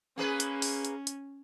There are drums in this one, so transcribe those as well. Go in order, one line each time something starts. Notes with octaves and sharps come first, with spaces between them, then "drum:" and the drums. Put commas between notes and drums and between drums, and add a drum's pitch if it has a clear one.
A#3 C#4 G#4 B4
drum: hi-hat
drum: open hi-hat
drum: hi-hat
drum: hi-hat